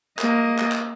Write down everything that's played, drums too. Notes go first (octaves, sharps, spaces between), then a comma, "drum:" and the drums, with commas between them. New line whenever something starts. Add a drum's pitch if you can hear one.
A#3 D#5, drum: clap
drum: clap
drum: clap